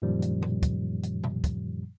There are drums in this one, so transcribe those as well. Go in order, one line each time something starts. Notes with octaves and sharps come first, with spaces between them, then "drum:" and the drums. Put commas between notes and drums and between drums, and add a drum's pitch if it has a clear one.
F#2 A#2 D#3 F3 G3
drum: hi-hat
drum: tom A#2
drum: kick, hi-hat
drum: hi-hat
drum: tom B2
drum: kick, hi-hat